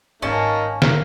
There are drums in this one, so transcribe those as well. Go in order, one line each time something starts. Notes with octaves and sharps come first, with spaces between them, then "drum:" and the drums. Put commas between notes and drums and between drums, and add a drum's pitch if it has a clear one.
G#1 A2 A#3 C#4 D#4 A5
A#3, drum: snare